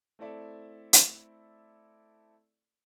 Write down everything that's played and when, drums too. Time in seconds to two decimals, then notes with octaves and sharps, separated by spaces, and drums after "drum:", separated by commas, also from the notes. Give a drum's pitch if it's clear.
0.19 A3 C4 E4 A4 D5 E5
0.93 drum: hi-hat